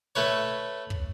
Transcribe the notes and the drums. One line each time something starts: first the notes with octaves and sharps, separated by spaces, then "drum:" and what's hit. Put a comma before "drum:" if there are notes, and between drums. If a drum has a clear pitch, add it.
A3 B4 C#5
drum: kick